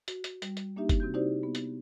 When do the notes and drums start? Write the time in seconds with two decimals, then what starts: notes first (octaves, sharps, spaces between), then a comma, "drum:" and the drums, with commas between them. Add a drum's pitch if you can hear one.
0.08 F#4, drum: hi-hat
0.24 drum: hi-hat
0.42 G3, drum: hi-hat
0.57 drum: hi-hat
0.76 A#3 D4 D#4 G4 E5
0.89 drum: kick F#1, hi-hat
1.00 C3 C4 F#4 G6
1.14 D#4 E4 F#4 G4 C5 D5
1.43 B3
1.55 drum: hi-hat